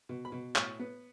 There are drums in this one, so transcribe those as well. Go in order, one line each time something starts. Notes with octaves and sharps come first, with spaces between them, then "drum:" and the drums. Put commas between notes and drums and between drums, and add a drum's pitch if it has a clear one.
B2
B5
B2
A2 C#6, drum: clap
B3